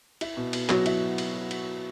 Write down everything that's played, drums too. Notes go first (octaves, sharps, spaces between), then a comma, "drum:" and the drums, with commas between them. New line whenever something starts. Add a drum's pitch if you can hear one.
E4, drum: cymbal
B2
B2, drum: cymbal
B2 F#3 F#4, drum: clap
E4, drum: cymbal
drum: cymbal
drum: cymbal